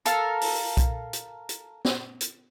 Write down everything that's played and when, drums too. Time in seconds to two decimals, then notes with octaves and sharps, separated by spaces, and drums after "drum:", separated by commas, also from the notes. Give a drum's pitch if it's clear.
0.06 A4 A#4 F5, drum: hi-hat
0.41 drum: open hi-hat
0.77 drum: kick B1, hi-hat
1.13 drum: hi-hat
1.49 drum: hi-hat
1.85 drum: snare
2.21 drum: hi-hat